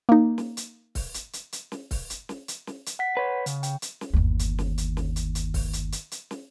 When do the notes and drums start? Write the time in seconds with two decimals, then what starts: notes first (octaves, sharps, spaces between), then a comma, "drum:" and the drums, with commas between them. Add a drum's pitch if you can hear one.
0.09 A#3 D#4
0.38 drum: snare
0.57 drum: hi-hat
0.95 drum: kick C#1, open hi-hat
1.14 drum: hi-hat
1.33 drum: hi-hat
1.53 drum: hi-hat
1.72 drum: snare
1.91 drum: kick C#1, open hi-hat
2.10 drum: hi-hat
2.29 drum: snare
2.48 drum: hi-hat
2.67 drum: snare
2.86 drum: hi-hat
2.99 F#5 B6
3.17 B4 C#5
3.46 C#3, drum: hi-hat
3.63 G5, drum: hi-hat
3.82 drum: hi-hat
4.01 drum: snare
4.13 G1 D#2
4.39 drum: hi-hat
4.59 drum: snare
4.78 drum: hi-hat
4.97 drum: snare
5.16 drum: hi-hat
5.35 drum: hi-hat
5.54 drum: kick C#1, open hi-hat
5.73 drum: hi-hat
5.92 drum: hi-hat
6.12 drum: hi-hat
6.31 drum: snare